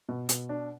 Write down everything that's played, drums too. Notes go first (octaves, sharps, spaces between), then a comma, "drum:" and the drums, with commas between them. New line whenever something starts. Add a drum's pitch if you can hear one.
B2
B2, drum: hi-hat
D4